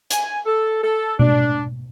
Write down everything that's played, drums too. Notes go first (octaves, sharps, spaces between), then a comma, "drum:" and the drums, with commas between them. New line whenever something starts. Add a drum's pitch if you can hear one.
G#5, drum: hi-hat
A4
A4
D4, drum: tom B2